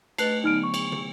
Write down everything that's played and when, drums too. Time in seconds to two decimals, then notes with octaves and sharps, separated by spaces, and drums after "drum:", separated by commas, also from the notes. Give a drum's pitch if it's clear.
0.18 A3 B4 D#5 F#6 A6 C7, drum: cymbal
0.44 D3 F#3 B3 D#4 F6 D7
0.63 C#6
0.74 drum: cymbal
0.92 drum: tom